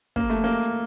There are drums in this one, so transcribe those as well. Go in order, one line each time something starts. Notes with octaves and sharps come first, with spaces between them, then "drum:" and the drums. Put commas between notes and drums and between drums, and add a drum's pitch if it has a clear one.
A#3, drum: kick
A3, drum: hi-hat
A#3
drum: hi-hat